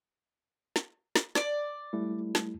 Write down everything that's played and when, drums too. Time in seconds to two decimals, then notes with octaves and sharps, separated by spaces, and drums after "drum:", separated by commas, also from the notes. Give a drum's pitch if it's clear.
0.76 drum: snare
1.16 drum: snare
1.35 D5 D6, drum: snare
1.93 G3 A3 E4
2.35 drum: snare